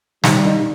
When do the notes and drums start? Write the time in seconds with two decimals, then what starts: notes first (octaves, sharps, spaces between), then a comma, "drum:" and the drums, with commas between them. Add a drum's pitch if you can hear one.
0.24 D#3 G3, drum: snare
0.45 D#4